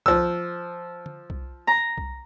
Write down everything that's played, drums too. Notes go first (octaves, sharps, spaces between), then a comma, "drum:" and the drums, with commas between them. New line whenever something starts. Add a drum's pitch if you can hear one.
F3 E6, drum: kick C2
drum: tom D3
drum: kick C2
A#5
drum: kick C2